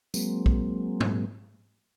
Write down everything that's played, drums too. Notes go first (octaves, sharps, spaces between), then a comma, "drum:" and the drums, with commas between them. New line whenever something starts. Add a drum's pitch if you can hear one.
F#3 G#3 A#3 C4, drum: tambourine
drum: kick
drum: tom